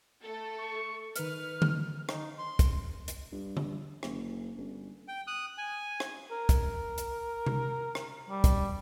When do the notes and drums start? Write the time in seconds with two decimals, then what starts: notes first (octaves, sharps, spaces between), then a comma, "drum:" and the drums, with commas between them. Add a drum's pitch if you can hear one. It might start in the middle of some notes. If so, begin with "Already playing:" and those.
0.22 A3 A4
0.58 C#6
1.16 D#3 B4 F6 B6, drum: hi-hat
1.62 drum: tom D3
2.09 D#4, drum: rim click
2.38 C6
2.59 drum: kick, hi-hat
3.08 drum: hi-hat
3.32 G2
3.57 drum: tom D3
4.03 F#1, drum: rim click
4.57 G1
5.08 G5
5.27 D#6 F#6
5.58 G#5
6.00 drum: rim click
6.31 A#4
6.49 drum: kick, hi-hat
6.98 drum: hi-hat
7.46 drum: tom C3
7.95 drum: rim click
8.29 G3
8.44 drum: kick, hi-hat